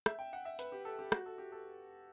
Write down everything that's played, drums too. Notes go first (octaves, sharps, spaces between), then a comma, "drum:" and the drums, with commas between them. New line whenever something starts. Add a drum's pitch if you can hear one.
E5, drum: rim click
G5
F#5
E5
B4, drum: hi-hat
G4
A4
G4
F#4, drum: rim click
A4
G4
A4